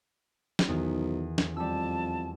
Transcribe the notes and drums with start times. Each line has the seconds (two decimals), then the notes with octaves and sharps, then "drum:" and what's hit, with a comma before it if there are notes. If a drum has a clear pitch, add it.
0.59 drum: snare
0.68 B1 E2 D#3
1.38 drum: snare
1.57 F2 G3 A5 E6